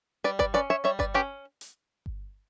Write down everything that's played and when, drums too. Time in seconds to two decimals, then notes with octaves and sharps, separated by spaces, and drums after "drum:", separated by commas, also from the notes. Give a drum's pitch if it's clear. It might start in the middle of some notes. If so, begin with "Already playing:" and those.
0.24 G3 B4 D5
0.39 B4 D5, drum: kick G1
0.54 C#4 B4 D5
0.70 C#5 E5
0.84 G3 C#5 E5
0.99 B4 D5, drum: kick G1
1.14 C#4 G4 B4
1.61 drum: hi-hat
2.06 drum: kick G1